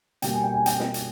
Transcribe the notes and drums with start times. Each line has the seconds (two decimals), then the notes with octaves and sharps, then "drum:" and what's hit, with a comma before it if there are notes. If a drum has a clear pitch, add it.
0.22 B2 G3 A#3 G5, drum: hi-hat
0.33 G#5
0.43 G5
0.54 G#5
0.66 G5, drum: hi-hat
0.80 drum: snare
0.94 drum: hi-hat